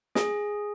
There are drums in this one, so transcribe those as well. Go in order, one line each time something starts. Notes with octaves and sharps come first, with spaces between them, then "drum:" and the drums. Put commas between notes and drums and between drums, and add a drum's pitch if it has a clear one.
G#4, drum: snare